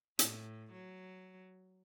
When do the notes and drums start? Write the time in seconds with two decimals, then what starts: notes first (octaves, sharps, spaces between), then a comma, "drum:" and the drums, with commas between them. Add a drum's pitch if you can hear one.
0.19 A2, drum: hi-hat
0.73 F#3